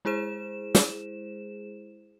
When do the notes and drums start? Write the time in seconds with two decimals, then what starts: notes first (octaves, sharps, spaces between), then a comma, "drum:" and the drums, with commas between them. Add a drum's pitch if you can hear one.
0.05 G#3 E4 G#4 C5 E7
0.75 drum: snare